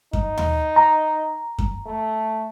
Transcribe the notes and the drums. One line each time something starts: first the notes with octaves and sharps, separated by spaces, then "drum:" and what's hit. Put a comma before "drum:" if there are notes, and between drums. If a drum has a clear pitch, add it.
D#4, drum: kick F#2
drum: tom D#2
A#5
drum: kick F#2
A3